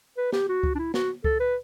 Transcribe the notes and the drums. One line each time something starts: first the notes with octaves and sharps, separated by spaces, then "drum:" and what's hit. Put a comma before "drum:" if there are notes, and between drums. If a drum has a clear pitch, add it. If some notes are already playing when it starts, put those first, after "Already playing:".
B4
G4, drum: snare
F#4
drum: kick C#2
D4
E4
F#4, drum: snare
A4, drum: kick C#2
B4